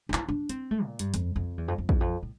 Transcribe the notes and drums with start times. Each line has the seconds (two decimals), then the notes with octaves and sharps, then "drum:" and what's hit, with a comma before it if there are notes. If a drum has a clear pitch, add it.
0.09 D4
0.14 E4, drum: clap
0.28 D4
0.49 C4, drum: hi-hat
0.71 A3
0.85 A#2
0.99 G2, drum: hi-hat
1.14 F2, drum: hi-hat
1.36 F2
1.58 E2
1.68 F2
1.78 F2
1.89 E2, drum: kick
2.00 F2
2.23 A2